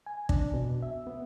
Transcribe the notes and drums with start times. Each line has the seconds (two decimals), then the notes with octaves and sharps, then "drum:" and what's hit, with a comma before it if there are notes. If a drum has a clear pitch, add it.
0.06 G#5
0.29 D4, drum: kick
0.54 B2
0.83 E5
1.07 B3